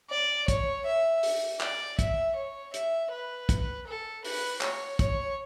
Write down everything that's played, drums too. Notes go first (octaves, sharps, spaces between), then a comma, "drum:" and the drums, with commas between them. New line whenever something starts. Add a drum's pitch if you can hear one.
D5
C#5, drum: kick, hi-hat
E5
drum: open hi-hat
D5, drum: clap
E5, drum: kick, hi-hat
C#5
E5, drum: hi-hat
B4
drum: kick, hi-hat
A4
B4, drum: open hi-hat
C#5, drum: clap
C#5, drum: kick, hi-hat